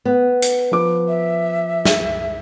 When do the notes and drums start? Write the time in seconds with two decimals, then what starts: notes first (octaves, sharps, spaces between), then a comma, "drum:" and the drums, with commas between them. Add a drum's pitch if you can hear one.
0.05 B3
0.42 drum: hi-hat
0.72 F3 B4 D6
1.08 E5
1.85 drum: snare